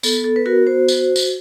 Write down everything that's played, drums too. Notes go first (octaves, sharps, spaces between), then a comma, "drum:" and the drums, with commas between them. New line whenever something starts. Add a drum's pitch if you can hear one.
B3 A4, drum: tambourine
A4
B4
F#4 A#4
C5
F#4, drum: tambourine
drum: tambourine